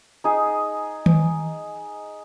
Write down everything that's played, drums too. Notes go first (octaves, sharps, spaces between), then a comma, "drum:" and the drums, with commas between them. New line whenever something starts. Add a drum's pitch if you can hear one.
D#4 G#4
drum: tom D#3